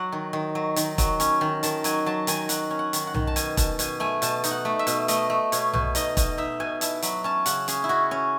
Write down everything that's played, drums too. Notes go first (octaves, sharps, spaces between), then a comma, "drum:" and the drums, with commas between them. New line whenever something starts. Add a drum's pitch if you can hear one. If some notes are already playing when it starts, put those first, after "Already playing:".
Already playing: F#3 F#5
D#3
D#3
F#3
D#3, drum: hi-hat
F#3, drum: kick E1, hi-hat
C#4, drum: hi-hat
D#3
D#3 A5, drum: hi-hat
F#3 G#5, drum: hi-hat
F#3 A5
D#3 G#5, drum: hi-hat
F#3 F#5, drum: hi-hat
C#4
F#5
D#3, drum: hi-hat
F#5
D#3, drum: tom B1
A5
B2 G#5, drum: hi-hat
B2 A5, drum: kick E1, hi-hat
B2 G#5, drum: hi-hat
A3 G#5
B2 A5, drum: hi-hat
D#4, drum: hi-hat
F#5
A3
E5
B2, drum: hi-hat
A3 D#5, drum: hi-hat
A3
B2 C#5, drum: hi-hat
B2, drum: tom B1
D#4 D#5, drum: hi-hat
B2 D#5, drum: kick E1, hi-hat
D#4 E5
B2 G#5
E4 A5, drum: hi-hat
F#3 B5, drum: hi-hat
C#4 A5
C#3 F#5, drum: hi-hat
C#4 G#4, drum: hi-hat
E4
C#4 F#4
C#4